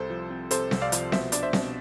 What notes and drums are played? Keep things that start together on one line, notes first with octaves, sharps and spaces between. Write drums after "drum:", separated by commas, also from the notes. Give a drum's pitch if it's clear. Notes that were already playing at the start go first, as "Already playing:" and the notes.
Already playing: C2 A4 C5
F3
C4
C3 A4 C5, drum: hi-hat
C2, drum: snare C4
D5 F5
F3, drum: hi-hat
B2 C5 E5, drum: snare C4
D4 D5, drum: hi-hat
C5 E5
B2, drum: snare C4